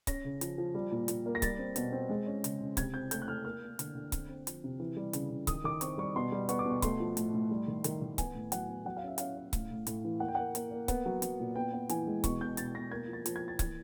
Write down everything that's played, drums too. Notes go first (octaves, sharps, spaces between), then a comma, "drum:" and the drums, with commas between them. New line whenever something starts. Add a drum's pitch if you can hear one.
C#4 A#6, drum: kick C#1, hi-hat
C#3
F3, drum: hi-hat
F3
G3
A#2
A#2, drum: hi-hat
A#3
A#6
G3 A6, drum: kick C#1, hi-hat
C4
B2, drum: hi-hat
C4
G#3
C#4
C#3, drum: hi-hat
C#3
C3 G#6, drum: kick C#1, hi-hat
C4 G6
A3 G6, drum: hi-hat
F#6
A3 F6
A#3 F6
A#3
D3, drum: hi-hat
D3
C4, drum: kick C#1, hi-hat
C4
F3, drum: hi-hat
C3
E3
G3
C#3, drum: hi-hat
C#3
D#3 D#6, drum: kick C#1, hi-hat
D#3 D6
C4 C#6, drum: hi-hat
G3 C#6
B2 C6
G3
B3 C#6, drum: hi-hat
D6
B2 C#6
A3 C6, drum: kick C#1, hi-hat
F3
A2, drum: hi-hat
A2
G3
D#3
D#3, drum: hi-hat
D#3
B3 G#5, drum: kick C#1, hi-hat
A2
F#3 F#5, drum: hi-hat
B3
F#3 F#5
F5
C#4 E5
C#4 F5, drum: hi-hat
C#4
A2, drum: kick C#1, hi-hat
A2
A2, drum: hi-hat
E3
A#3 F#5
G5
A#3 F#5
A#3, drum: hi-hat
A#3
B3, drum: kick C#1, hi-hat
F#3
F#3, drum: hi-hat
A#2
B3 G5
B3
E3 G#5, drum: hi-hat
G#3
B2 C#6, drum: kick C#1, hi-hat
B2 G6
B2 A6, drum: hi-hat
B2 A#6
A#3 G#6
F3
A6
F3, drum: hi-hat
G#6
A#3
A6
E3 G#6, drum: kick C#1, hi-hat